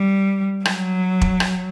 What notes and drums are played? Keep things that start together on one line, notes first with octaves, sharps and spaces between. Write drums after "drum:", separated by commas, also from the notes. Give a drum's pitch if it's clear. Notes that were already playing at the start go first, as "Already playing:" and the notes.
Already playing: G3
F#3, drum: rim click
drum: kick E1
drum: rim click